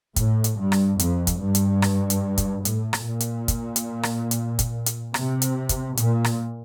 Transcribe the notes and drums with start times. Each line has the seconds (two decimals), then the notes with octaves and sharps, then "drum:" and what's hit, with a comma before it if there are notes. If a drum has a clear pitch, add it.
0.16 A2, drum: kick, hi-hat
0.44 drum: hi-hat
0.58 G2
0.72 drum: rim click
0.99 F2, drum: hi-hat
1.27 drum: kick, hi-hat
1.41 G2
1.55 drum: hi-hat
1.82 drum: rim click
2.10 drum: hi-hat
2.38 drum: kick, hi-hat
2.65 A2, drum: hi-hat
2.93 drum: rim click
3.06 A#2
3.20 drum: hi-hat
3.48 drum: kick, hi-hat
3.76 drum: hi-hat
4.03 drum: rim click
4.31 drum: hi-hat
4.59 drum: kick, hi-hat
4.86 drum: hi-hat
5.14 C3, drum: rim click
5.42 drum: hi-hat
5.69 drum: kick, hi-hat
5.97 A#2, drum: hi-hat
6.25 drum: rim click